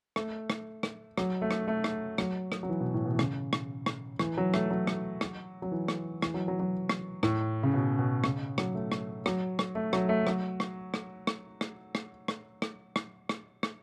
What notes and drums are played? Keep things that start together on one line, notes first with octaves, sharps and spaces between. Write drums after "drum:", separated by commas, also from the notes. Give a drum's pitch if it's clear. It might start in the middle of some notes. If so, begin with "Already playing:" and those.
A3, drum: rim click
drum: rim click
drum: rim click
F#3, drum: rim click
A3
drum: rim click
A3
drum: rim click
F#3, drum: rim click
drum: rim click
F#3
E3
B2
A2
B2
E3
C#3, drum: rim click
drum: rim click
drum: rim click
E3, drum: rim click
F#3
A3, drum: rim click
F#3
drum: rim click
drum: rim click
F#3
E3
drum: rim click
E3, drum: rim click
F#3
F#3
F#3
drum: rim click
A2, drum: rim click
C#3
B2
B2
C#3, drum: rim click
F#3, drum: rim click
A3
drum: rim click
F#3, drum: rim click
drum: rim click
A3
F#3, drum: rim click
A3
F#3, drum: rim click
drum: rim click
drum: rim click
drum: rim click
drum: rim click
drum: rim click
drum: rim click
drum: rim click
drum: rim click
drum: rim click
drum: rim click